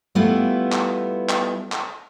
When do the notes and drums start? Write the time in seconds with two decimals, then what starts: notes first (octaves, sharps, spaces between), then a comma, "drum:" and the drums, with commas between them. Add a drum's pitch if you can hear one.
0.15 G3 A3 B3 E4 F4
0.72 drum: clap
1.29 drum: clap
1.72 drum: clap